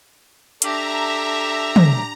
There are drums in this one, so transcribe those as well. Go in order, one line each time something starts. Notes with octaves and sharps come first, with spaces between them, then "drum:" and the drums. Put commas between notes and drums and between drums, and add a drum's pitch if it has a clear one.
D4 G4 A4 E5 A#5, drum: hi-hat
drum: tom